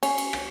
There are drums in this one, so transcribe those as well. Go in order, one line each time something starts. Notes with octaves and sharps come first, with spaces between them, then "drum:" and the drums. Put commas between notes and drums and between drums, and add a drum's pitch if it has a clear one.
C#4, drum: cymbal
drum: cymbal
drum: rim click